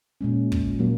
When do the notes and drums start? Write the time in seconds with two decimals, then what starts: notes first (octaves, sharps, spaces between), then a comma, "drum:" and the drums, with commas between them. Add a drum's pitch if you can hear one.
0.21 A#2 G#3 C#4
0.52 drum: kick
0.79 A#2 F#3 A#3